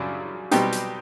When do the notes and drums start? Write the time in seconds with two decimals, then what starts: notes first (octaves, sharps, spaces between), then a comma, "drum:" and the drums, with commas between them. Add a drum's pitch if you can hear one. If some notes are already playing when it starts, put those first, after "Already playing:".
Already playing: F#2 C#3 F#3 D4
0.51 B2 G3 C4 D#4 G4, drum: hi-hat
0.72 drum: hi-hat